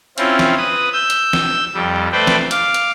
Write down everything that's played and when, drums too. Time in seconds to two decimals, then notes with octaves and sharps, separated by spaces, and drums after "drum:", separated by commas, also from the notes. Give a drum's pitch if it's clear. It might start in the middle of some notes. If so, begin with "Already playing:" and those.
0.18 C4 C#4 E4 F4, drum: hi-hat
0.39 drum: snare
0.57 B4 D#6
0.93 E6 G6
1.10 drum: hi-hat
1.33 drum: snare
1.74 F2 G3
2.12 A3 B4 C5 D5 G5
2.27 drum: snare
2.51 F5 D6, drum: hi-hat
2.74 drum: hi-hat